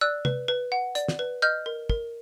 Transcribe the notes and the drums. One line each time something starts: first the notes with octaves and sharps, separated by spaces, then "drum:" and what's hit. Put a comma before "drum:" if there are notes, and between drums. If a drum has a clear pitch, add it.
D5 E6 F#6
B4, drum: tom C3
B4
F#5
D5, drum: hi-hat
drum: snare
B4
D#5 F6 G6
A#4
A#4, drum: kick